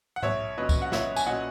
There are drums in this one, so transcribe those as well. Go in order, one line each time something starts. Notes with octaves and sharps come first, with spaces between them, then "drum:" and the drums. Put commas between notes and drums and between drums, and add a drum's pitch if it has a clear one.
F#5
B1 C#5 E5, drum: tom G#2
A#2 F#3 C#4 B4 D#5
drum: kick C2, tambourine
F#5
B1 C#5 E5, drum: snare
G#5, drum: tambourine
A#2 F#3 C#4 D#5 F#5